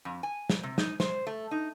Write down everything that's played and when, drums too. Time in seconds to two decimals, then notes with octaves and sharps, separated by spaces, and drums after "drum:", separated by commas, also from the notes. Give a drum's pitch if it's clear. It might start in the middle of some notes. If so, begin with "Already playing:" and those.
0.05 F2
0.23 G#5
0.50 drum: snare
0.63 C3
0.78 D#4, drum: snare
1.00 C5, drum: snare
1.27 A3
1.51 D#4